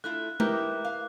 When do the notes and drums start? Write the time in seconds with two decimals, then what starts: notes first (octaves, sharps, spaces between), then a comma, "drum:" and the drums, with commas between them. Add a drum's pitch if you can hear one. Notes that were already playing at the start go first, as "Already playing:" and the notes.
0.04 A3 E4 F4 F#6
0.40 D#4 E4 G4 A#4 B4, drum: tom G#3
0.54 D6
0.85 F5